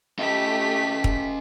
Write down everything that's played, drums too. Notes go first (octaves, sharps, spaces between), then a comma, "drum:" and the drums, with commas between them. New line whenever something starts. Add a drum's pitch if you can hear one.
A3 C#4 G4 D#5 B6
drum: kick